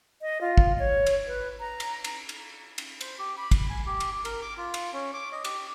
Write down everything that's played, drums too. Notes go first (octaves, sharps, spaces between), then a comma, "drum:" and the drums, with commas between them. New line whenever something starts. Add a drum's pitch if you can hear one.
D#5
F4
drum: kick
C#5
drum: cymbal
B4
A#5
drum: cymbal
drum: cymbal
drum: cymbal
drum: cymbal
C5, drum: cymbal
G4
B5
drum: kick, cymbal
G#5
G4
drum: cymbal
A#4, drum: cymbal
D6
F4
drum: cymbal
C#4
D6
D#5
G4, drum: cymbal